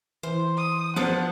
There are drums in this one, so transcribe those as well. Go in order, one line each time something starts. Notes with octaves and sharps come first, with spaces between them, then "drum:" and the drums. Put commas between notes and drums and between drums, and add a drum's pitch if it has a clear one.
E3 C5
D#6
F3 B3 D4 F4 F#5, drum: snare B3